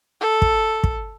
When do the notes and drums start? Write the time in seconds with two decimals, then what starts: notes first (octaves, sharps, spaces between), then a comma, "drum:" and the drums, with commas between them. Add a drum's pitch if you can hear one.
0.21 A4
0.42 drum: kick
0.84 drum: kick